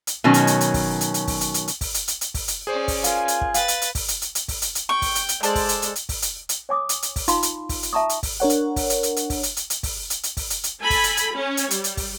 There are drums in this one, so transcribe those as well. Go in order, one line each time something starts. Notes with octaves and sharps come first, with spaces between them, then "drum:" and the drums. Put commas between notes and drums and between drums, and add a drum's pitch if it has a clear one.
drum: hi-hat
B2 D#3 F#3 C#4
drum: hi-hat
drum: hi-hat
drum: hi-hat
drum: kick, open hi-hat
drum: hi-hat
drum: hi-hat
drum: kick, open hi-hat
drum: hi-hat
drum: hi-hat
drum: hi-hat
drum: kick, open hi-hat
drum: hi-hat
drum: hi-hat
drum: hi-hat
drum: kick, open hi-hat
drum: hi-hat
C#4 G#4 C5 D5
drum: kick, open hi-hat
F4 A#4 F5 G#5, drum: hi-hat
drum: hi-hat
drum: kick
B4 F5 G5 A6, drum: hi-hat
drum: hi-hat
drum: hi-hat
drum: kick, open hi-hat
drum: hi-hat
drum: hi-hat
drum: hi-hat
drum: kick, open hi-hat
drum: hi-hat
drum: hi-hat
G5 C#6
drum: kick, open hi-hat
drum: hi-hat
drum: hi-hat
G#3 A4 C5 D5, drum: hi-hat
drum: kick, open hi-hat
drum: hi-hat
drum: hi-hat
drum: hi-hat
drum: kick, open hi-hat
drum: hi-hat
drum: hi-hat
C#5 G#5 D6 D#6
drum: hi-hat
drum: hi-hat
drum: kick, open hi-hat
D#4 F4 F5 B5 C6, drum: hi-hat
drum: hi-hat
drum: kick, open hi-hat
drum: hi-hat
E5 A5 A#5 C#6 D#6
drum: hi-hat
drum: kick, open hi-hat
D4 A#4 C#5 F#5
drum: hi-hat
drum: kick, open hi-hat
drum: hi-hat
drum: hi-hat
drum: hi-hat
drum: kick, open hi-hat
drum: hi-hat
drum: hi-hat
drum: hi-hat
drum: kick, open hi-hat
drum: hi-hat
drum: hi-hat
drum: kick, open hi-hat
drum: hi-hat
drum: hi-hat
A4 G#5 B5
drum: kick, open hi-hat
drum: hi-hat
drum: hi-hat
C#4 C#5
drum: hi-hat
G3, drum: hi-hat
drum: hi-hat
drum: kick, open hi-hat